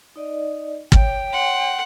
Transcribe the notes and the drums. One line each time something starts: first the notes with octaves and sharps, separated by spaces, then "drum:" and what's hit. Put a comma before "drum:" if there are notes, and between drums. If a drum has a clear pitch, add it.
D#4 D5 D#5
C#5 G5, drum: kick
F#5 C6